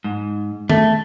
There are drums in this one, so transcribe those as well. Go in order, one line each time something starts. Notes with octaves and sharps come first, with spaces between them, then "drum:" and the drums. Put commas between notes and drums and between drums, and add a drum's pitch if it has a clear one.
G#2
A3, drum: tom D#3